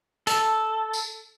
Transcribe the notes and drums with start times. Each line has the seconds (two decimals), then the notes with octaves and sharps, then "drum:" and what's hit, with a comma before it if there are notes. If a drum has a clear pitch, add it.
0.27 A4, drum: hi-hat
0.93 drum: tambourine